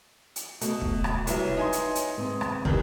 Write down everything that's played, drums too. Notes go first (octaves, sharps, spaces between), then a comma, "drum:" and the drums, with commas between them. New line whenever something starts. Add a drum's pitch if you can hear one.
drum: hi-hat
B2 A3, drum: hi-hat
drum: kick
drum: rim click
C2 F#3 B4 C#5 E5, drum: hi-hat
D#4 G#5 C6
drum: hi-hat
drum: hi-hat
G#2 B3 C4
drum: rim click
D#3 E3 G3, drum: kick